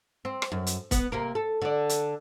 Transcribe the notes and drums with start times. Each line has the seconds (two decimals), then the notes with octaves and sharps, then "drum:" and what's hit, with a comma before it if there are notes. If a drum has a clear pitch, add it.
0.25 C4
0.42 drum: rim click
0.52 F#2
0.67 drum: hi-hat
0.91 B3, drum: kick, hi-hat
1.12 C3 A#3 A#4
1.35 A4
1.62 D3 D5
1.89 drum: hi-hat